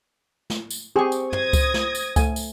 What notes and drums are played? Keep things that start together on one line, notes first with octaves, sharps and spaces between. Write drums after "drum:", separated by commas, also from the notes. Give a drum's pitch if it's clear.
drum: snare
drum: tambourine
C4 G4 G#4 C#6
drum: tambourine
C5 D#6 G#6 A#6, drum: tom
drum: kick C#2, tambourine
drum: snare
drum: tambourine
A3 G#5, drum: kick C#2, tambourine
drum: tambourine